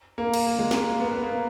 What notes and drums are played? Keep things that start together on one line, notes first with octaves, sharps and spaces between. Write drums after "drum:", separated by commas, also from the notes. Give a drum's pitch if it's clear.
A#3
drum: cymbal
A#3
G#3
A#3, drum: snare
B3
A#3
B3
A#3